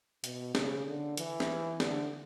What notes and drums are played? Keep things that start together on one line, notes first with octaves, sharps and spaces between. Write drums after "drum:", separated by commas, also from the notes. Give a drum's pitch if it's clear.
B2, drum: hi-hat
C#3, drum: snare
D3
E3, drum: hi-hat
drum: snare
D3, drum: snare